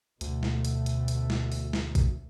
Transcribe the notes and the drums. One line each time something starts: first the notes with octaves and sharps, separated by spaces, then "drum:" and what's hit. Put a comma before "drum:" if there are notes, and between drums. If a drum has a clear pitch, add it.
D2 B2 A3, drum: hi-hat
drum: snare
drum: hi-hat
drum: hi-hat
drum: hi-hat
drum: snare
drum: open hi-hat
drum: snare
drum: kick A1, hi-hat